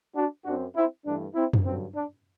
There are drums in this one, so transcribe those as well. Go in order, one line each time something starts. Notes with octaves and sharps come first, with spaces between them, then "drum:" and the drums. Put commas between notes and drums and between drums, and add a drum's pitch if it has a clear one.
D4 F#4
F#2 F#3 C4 D4 F#4
C4 E4
G2 E3 A3 D4
C4 E4
drum: tom F#2
G2 D3 F#3 C4
D4